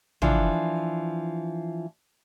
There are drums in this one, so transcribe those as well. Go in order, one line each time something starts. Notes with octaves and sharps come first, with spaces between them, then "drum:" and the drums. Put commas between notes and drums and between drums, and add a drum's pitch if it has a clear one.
E3 F3 D4, drum: tom